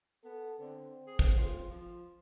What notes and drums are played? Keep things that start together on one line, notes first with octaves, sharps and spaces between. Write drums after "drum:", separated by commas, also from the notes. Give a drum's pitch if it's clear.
B3 A4
D3 C4
G#4
drum: kick
F4
F3